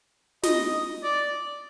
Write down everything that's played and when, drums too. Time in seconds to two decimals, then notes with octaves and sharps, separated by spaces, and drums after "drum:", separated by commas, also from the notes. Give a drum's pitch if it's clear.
0.43 D#5, drum: snare
1.03 D5